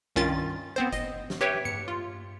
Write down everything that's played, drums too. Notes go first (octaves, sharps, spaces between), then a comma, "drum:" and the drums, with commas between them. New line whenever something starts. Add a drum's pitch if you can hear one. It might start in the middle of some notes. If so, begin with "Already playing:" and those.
C2 G2 D#3 C#4 F4 A6
B3 C4 C5
D#5, drum: kick F#1, hi-hat
drum: snare
G4 B4 C#5 E5 G5
C#7, drum: tom G2
F4